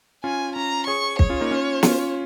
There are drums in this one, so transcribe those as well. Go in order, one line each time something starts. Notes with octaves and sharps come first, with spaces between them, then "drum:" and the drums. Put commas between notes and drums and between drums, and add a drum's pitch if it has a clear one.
C#4 F4 G#5
C#4 A#5
G#4 C#5 C#6
C#5, drum: kick
C#4 F4
A#3 D#4
C#4 F4
C#4 F4, drum: snare